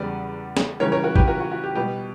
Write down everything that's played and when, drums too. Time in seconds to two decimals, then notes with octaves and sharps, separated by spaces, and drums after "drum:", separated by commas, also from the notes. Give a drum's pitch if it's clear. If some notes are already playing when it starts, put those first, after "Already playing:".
Already playing: E2 C#3 G3 B4 D5
0.57 drum: snare
0.80 C#3 E3 G3 C#4 A#4 C#5
0.92 A#4 C#5
1.04 F#4 A#4
1.15 G4 B4, drum: kick
1.27 F#4 A#4
1.40 F#4
1.52 F#4
1.64 G4
1.75 B2 G3 B3 G4 B4